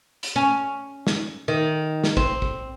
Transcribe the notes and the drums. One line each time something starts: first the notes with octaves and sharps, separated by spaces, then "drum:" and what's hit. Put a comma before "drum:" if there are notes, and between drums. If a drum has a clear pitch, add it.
drum: hi-hat
C#4
drum: snare
D#3
drum: snare
C4, drum: kick
drum: kick